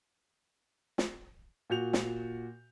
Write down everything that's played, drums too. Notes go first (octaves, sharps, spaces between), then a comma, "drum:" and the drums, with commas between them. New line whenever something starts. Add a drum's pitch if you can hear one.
drum: snare
A#2 F#4 G6 F7
drum: snare